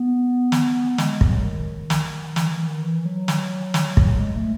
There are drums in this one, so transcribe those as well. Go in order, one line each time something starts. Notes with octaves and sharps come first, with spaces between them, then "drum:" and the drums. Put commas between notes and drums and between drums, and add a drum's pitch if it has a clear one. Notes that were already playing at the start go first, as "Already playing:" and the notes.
Already playing: B3
drum: snare
G#3, drum: snare
F#3, drum: kick
D#3
drum: snare
E3, drum: snare
E3
D#3
E3
F#3
drum: snare
drum: snare
drum: kick
G#3
A3